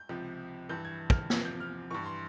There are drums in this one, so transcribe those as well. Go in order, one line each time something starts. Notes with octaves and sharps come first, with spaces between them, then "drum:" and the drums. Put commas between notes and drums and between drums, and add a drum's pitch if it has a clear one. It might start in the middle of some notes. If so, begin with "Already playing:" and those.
Already playing: G6
C#2 C3 F3
G2 E3 G6
G#6
F6, drum: kick
E2 C3 F3 G#6, drum: snare
G6
F6
G2 E3 C#6
C6